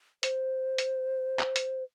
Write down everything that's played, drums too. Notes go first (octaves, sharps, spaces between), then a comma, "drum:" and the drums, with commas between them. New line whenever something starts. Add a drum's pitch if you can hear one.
C5, drum: hi-hat
drum: hi-hat
drum: clap
drum: hi-hat